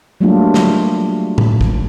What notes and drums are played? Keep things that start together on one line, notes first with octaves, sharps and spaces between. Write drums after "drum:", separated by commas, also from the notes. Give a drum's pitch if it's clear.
F#3 G3 A3 A#3 D4 F4
drum: snare
drum: tom A2
drum: kick